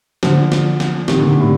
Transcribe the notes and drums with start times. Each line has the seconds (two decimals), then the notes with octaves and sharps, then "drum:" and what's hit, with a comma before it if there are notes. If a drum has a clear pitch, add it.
0.23 D3 F3, drum: snare
0.52 drum: snare
0.80 drum: snare
1.08 C3 D#3, drum: snare
1.19 A#2 D3
1.30 A#2
1.40 A2 C3